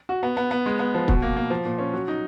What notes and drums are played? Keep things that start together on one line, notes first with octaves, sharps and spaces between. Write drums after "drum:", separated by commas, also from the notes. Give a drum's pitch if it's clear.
F#4
B3
B3
B3
G#3
B3
F3
B2, drum: kick
A#3
A#3
F3
A#2
C#4
F#3
D#4